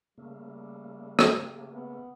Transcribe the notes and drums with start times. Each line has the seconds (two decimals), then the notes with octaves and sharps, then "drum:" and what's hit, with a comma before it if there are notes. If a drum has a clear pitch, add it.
0.18 C#3 G3 A3 A#3
1.19 drum: rim click
1.42 G4
1.73 B3